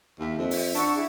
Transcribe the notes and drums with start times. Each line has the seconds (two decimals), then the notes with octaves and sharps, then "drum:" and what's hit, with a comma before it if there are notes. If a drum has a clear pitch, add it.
0.20 D#2 E5
0.39 F2
0.51 drum: open hi-hat
0.75 D4 F#5 C#6 E6, drum: hi-hat
0.95 E4 G#4